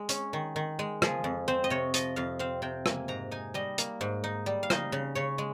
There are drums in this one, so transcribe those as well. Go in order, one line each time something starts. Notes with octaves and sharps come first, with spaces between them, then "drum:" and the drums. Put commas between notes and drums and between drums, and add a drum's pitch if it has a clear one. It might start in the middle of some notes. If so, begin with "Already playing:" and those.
Already playing: G#3
C#4, drum: hi-hat
D#3
D#3
G#3
F3 G#4, drum: rim click
F2
C4 C5
D#5
C3 C#5
F3 D#5, drum: hi-hat
F2 F5
C4 F5
C3 G5
A#3 G#5, drum: rim click
G#2 A#5
D#4 G#5
G3 D#5
A#3, drum: hi-hat
G#2
D#4
G3
F5
D#4 D#5, drum: rim click
C#3
C#3 C#5
G#3